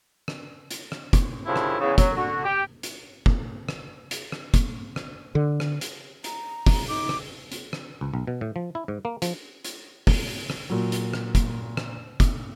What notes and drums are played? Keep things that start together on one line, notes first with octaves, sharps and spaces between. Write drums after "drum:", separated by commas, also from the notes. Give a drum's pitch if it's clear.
drum: rim click
drum: hi-hat
drum: rim click
drum: kick, hi-hat
G2 A#2 C#3 F3 E4
drum: rim click
E2 C#3
F#2 F#3, drum: kick, hi-hat
D3 F#4
G4
drum: hi-hat
drum: kick
drum: rim click
drum: hi-hat
drum: rim click
drum: kick, hi-hat
drum: rim click
D3
drum: rim click
drum: hi-hat
A#5, drum: hi-hat
drum: kick, open hi-hat
D#4 D6
drum: rim click
drum: hi-hat
drum: rim click
C#2
B1
B2
A2
F3
E4
G#2
A#3
F3, drum: hi-hat
drum: hi-hat
drum: kick, open hi-hat
drum: rim click
A#2 F#3
drum: hi-hat
drum: rim click
drum: kick, hi-hat
drum: rim click
drum: kick, hi-hat